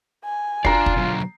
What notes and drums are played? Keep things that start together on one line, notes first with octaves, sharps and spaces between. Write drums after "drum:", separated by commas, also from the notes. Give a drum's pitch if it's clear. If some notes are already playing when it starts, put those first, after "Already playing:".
G#5
D4 F4 D5 A#5 C7, drum: kick
drum: kick
B2 D3 F#3